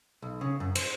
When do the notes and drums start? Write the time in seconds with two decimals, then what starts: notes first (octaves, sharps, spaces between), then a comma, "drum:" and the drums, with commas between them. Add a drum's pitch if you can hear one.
0.22 B1
0.41 C#3
0.60 F#2
0.76 C5, drum: cymbal